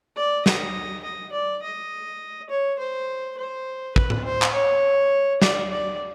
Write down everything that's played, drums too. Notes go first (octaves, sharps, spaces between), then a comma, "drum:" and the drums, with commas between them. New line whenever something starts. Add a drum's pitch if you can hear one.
D5
D#5, drum: snare
D#5
D5
D#5
C#5
C5
C5
B4, drum: kick
drum: tom A2
C5
drum: clap
C#5
D5, drum: snare
D5